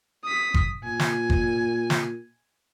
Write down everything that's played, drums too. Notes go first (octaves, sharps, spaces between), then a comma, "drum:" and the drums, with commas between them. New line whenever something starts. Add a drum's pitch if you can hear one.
D#6 B6
drum: kick F#1
A#2 G#5
drum: snare
drum: kick F#1
drum: snare